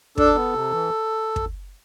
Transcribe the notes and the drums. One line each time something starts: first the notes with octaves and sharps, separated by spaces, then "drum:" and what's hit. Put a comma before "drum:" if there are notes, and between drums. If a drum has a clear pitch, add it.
D4 A4, drum: kick
B3
C3
E3
drum: kick